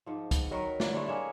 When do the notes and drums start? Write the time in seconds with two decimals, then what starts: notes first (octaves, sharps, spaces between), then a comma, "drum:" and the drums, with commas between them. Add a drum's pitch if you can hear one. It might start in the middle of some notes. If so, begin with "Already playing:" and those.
0.06 G#2 F3
0.31 B3, drum: kick, hi-hat
0.51 D#3 F#3 A#4 B4
0.80 D4 E4, drum: snare
0.93 D3 G3 A3
1.06 G#3 A#3 C#5 E5